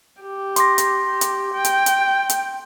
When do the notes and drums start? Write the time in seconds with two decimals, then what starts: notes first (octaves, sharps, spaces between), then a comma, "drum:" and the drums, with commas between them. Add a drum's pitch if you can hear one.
0.21 G4
0.56 C6 D6 A#6, drum: hi-hat
0.78 drum: hi-hat
1.06 G4
1.21 drum: hi-hat
1.54 G5
1.65 drum: hi-hat
1.86 drum: hi-hat
2.29 drum: hi-hat